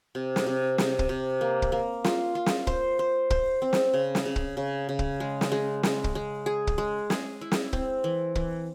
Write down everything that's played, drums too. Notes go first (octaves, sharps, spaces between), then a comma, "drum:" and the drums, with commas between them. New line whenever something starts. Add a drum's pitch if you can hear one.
C3
drum: snare
C3
C3, drum: snare
drum: kick
C3
A#3
drum: kick
A#3
F4, drum: snare
F4
drum: snare
C5, drum: kick
C5
C5, drum: kick
C4
drum: snare
C#3
drum: snare
C#3
drum: kick
C#3
C#3
drum: kick
G#3
drum: snare
G#3
G#3, drum: snare
drum: kick
G#3
G#4
drum: kick
G#3
G#4, drum: snare
E4
drum: snare
C4, drum: kick
E3
E3, drum: kick